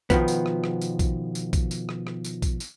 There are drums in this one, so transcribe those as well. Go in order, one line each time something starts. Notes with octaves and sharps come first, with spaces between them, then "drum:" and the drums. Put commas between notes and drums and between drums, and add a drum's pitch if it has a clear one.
B2 D#3 F3 B3, drum: kick, tambourine
drum: tambourine
drum: rim click
drum: rim click
drum: tambourine
drum: kick, tambourine
drum: tambourine
drum: kick, tambourine
drum: tambourine
drum: rim click
drum: rim click
drum: tambourine
drum: kick, tambourine
drum: tambourine